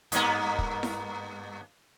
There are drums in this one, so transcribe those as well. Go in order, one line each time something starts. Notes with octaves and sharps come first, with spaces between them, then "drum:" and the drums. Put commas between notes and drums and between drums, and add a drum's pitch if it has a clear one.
G2 A#3 B3, drum: hi-hat
drum: kick
drum: snare E4